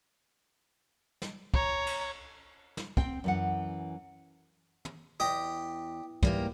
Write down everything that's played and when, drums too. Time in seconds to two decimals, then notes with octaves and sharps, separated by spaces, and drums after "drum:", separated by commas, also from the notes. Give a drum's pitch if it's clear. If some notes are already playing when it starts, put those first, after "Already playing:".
1.22 drum: snare
1.54 C#5 A#5, drum: kick
1.87 drum: cymbal
2.77 drum: snare
2.97 C4 G5, drum: kick
3.24 F#2 E3 F#5
4.85 drum: tom
5.20 E2 G4 D#5
6.23 E2 G#2 E3 G3 A#3 G4, drum: kick